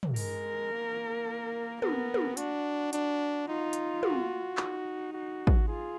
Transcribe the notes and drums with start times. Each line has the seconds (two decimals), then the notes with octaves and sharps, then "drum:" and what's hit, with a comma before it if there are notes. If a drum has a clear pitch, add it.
0.03 drum: tom
0.16 G#3 A#4, drum: open hi-hat
0.72 A#3
1.82 B3 A#4, drum: tom
2.14 drum: tom
2.37 D4 F#4, drum: hi-hat
2.93 D4, drum: hi-hat
3.47 D#4 F4
3.73 drum: hi-hat
4.03 F#4, drum: tom
4.57 D#4, drum: clap
5.13 F#4
5.47 drum: kick
5.68 F4 G#4